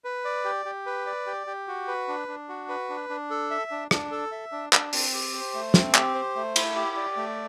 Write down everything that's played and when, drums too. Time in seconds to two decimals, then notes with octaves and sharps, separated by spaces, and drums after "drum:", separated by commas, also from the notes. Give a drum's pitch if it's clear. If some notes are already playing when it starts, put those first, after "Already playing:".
0.04 B4
0.25 D5
0.45 G4
0.65 G4
0.86 B4
1.06 D5
1.26 G4
1.47 G4
1.68 F#4
1.88 B4
2.08 D4
2.28 D4
2.49 F#4
2.69 B4
2.89 D4
3.09 D4
3.30 A4
3.51 E5
3.71 D4
3.91 D4, drum: rim click
4.11 A4
4.32 E5
4.52 D4
4.73 D4, drum: clap
4.93 C4, drum: open hi-hat
5.13 G4
5.34 C5
5.54 A3
5.74 C4, drum: snare
5.95 G4, drum: clap
6.15 C5
6.36 A3
6.56 E4, drum: cymbal
6.76 G4
6.97 D5
7.17 A3